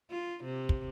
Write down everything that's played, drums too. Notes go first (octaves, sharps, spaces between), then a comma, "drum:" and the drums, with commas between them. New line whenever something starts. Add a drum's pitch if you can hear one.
F4
C3
drum: kick